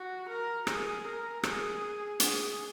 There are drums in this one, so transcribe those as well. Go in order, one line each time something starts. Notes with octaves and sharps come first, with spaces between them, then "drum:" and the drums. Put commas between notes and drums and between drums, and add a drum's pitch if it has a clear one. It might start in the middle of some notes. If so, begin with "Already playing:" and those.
Already playing: F#4
A#4
G#4, drum: rim click
A#4
G#4, drum: rim click
G#4, drum: hi-hat